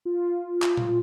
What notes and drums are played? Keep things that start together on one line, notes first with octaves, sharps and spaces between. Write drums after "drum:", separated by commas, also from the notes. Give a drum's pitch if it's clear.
F4
drum: clap
drum: tom A#2